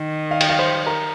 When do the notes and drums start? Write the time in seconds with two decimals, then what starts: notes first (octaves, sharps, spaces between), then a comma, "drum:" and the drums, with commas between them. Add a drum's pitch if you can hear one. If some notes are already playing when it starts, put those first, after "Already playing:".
Already playing: D#3
0.31 F5
0.41 G5, drum: cymbal
0.49 F5
0.59 C5
0.87 A#4